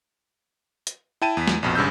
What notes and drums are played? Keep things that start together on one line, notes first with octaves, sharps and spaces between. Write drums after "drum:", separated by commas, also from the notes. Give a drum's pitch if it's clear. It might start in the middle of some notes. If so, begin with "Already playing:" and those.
drum: hi-hat
E4 G5 A5 D#7
E2 B6
drum: snare
A#1 F2 B2
G#1 G2 C#3 E6 G6